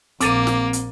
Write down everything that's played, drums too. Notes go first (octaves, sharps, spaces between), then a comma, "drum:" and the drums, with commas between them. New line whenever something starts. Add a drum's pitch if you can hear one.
A#1 A#3 C4 D6 A6 D#7, drum: hi-hat
drum: snare
drum: hi-hat